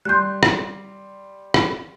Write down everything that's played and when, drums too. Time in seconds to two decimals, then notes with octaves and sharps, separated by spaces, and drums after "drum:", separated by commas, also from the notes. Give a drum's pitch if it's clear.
0.05 G3 C6 F#6 G6
0.43 drum: rim click
1.54 drum: rim click